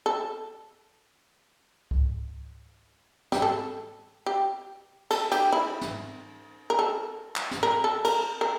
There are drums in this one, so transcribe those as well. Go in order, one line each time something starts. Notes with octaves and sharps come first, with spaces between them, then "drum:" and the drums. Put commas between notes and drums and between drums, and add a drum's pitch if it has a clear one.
A4
drum: kick C#2
G4, drum: snare
A4
G4
A4, drum: cymbal
G4, drum: cymbal
E4
drum: snare
A#4
A4
drum: clap
drum: snare
A#4
A4
A#4, drum: cymbal
A#4